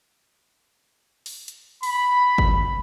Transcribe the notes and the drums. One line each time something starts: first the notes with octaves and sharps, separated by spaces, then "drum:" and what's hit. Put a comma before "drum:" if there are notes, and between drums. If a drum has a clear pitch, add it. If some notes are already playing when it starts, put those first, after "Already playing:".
drum: open hi-hat
drum: hi-hat
B5, drum: open hi-hat
drum: kick G1